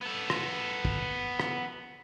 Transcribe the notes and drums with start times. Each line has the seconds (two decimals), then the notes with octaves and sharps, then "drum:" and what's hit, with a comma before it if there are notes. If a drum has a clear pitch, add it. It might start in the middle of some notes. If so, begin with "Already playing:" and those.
0.03 B3 A4
0.30 drum: rim click
0.85 drum: kick
1.40 drum: rim click